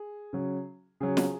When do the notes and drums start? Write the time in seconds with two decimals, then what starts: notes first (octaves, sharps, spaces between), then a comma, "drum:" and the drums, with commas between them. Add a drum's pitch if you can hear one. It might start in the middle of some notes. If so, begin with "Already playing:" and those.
Already playing: G#4
0.33 C#3 F#3
1.00 C#3 F#3 G#4
1.17 drum: snare